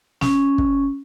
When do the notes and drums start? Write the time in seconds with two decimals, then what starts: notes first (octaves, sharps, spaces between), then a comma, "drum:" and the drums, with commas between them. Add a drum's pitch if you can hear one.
0.21 C#4, drum: snare
0.58 drum: kick